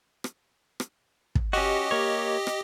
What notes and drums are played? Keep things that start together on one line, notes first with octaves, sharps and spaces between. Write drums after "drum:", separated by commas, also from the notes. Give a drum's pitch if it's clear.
drum: rim click
drum: rim click
drum: kick
C#4 F#4 G4 D#5
A#3 C#5
drum: rim click